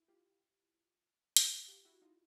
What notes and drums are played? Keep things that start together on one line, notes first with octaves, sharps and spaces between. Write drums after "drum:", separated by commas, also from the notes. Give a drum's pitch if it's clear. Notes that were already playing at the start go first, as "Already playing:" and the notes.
Already playing: E4
F4 G4
drum: hi-hat
F4 G4
E4 F#4
D#4 F4